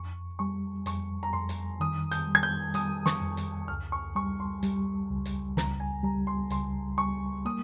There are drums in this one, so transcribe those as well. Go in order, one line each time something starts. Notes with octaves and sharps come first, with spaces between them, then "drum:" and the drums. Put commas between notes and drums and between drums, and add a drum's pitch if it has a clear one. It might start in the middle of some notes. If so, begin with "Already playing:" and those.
Already playing: F2 C#6
G3 C#6
F2 C#6, drum: hi-hat
A#5
F2 C6
drum: hi-hat
D#3 D#6
G6, drum: hi-hat
G3
G#6
G6
G3 D#6, drum: hi-hat
C#6, drum: snare
F2
drum: hi-hat
C#2 F6
C#6
G3 C#6
C6
G3, drum: hi-hat
C#2
drum: hi-hat
C#2 A#5, drum: snare
G#5
G3 A#5
C6
C#2 C6, drum: hi-hat
G3 C#6
A#3 D#6